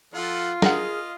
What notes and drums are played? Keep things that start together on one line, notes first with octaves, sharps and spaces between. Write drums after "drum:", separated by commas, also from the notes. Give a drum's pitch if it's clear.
F3 F4 A4 F#5
G#4 A#4 D#5 F5 F#5, drum: snare